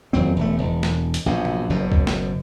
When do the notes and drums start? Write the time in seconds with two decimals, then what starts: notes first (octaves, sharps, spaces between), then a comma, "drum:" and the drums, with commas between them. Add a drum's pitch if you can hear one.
0.13 D#1 F2 F#3 C4
0.37 E1 A3
0.59 E1
0.83 drum: snare
1.14 drum: hi-hat
1.26 A#1 F#2 B2
1.45 drum: tom
1.70 F#1 F#2 B2
1.92 drum: kick C#2
2.07 drum: snare